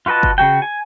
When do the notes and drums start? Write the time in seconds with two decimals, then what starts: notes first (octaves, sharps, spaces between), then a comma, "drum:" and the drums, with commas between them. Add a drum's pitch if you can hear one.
0.06 F4 F#4 B4 D#5 A5
0.23 drum: kick
0.38 C#3 G3 F#4 G5
0.62 G#5